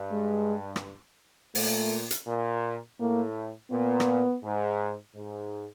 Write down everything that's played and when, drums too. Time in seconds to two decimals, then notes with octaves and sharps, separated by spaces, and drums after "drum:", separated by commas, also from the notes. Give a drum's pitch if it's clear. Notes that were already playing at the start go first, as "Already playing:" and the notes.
Already playing: G2
0.11 G#3
0.76 drum: rim click
1.55 A#2 A3, drum: open hi-hat
2.11 drum: hi-hat
2.27 A#2
3.00 A2 A#3
3.71 A#2 B3
4.00 drum: rim click
4.43 G#2
5.15 G#2